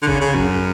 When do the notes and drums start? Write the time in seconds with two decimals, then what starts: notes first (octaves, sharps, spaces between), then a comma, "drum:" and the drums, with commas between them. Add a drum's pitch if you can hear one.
0.02 D3
0.07 C#3, drum: kick
0.21 C#3
0.34 F#2, drum: kick